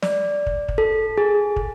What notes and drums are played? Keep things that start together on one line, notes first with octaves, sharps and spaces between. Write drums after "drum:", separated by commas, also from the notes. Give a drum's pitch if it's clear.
D5, drum: snare
drum: kick
drum: kick
A4
G#4
drum: kick